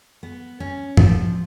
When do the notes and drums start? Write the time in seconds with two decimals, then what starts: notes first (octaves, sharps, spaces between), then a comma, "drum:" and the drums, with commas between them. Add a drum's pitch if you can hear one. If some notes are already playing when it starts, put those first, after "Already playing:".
0.23 B3
0.60 C#4
0.97 F3, drum: tom